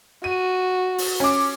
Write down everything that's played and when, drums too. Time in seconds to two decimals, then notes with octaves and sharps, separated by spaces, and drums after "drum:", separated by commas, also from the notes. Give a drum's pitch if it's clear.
0.24 F#4 D#7
0.98 drum: open hi-hat
1.20 C#4 D6